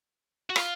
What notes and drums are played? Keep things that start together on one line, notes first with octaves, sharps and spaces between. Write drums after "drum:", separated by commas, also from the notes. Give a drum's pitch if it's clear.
F#4
F4, drum: rim click